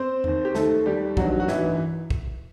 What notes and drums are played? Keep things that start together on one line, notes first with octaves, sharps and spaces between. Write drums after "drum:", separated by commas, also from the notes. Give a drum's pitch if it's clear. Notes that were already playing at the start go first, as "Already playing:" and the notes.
Already playing: C4 C5
D#2 D#3, drum: tom E2
G4
D#2 D#3 A3 A4, drum: snare
D#2 D#3 G3 G4
A1 G2 D#3 F#3 F#4, drum: kick
F#4
A1 G2 D#3 E3 E4, drum: snare
drum: kick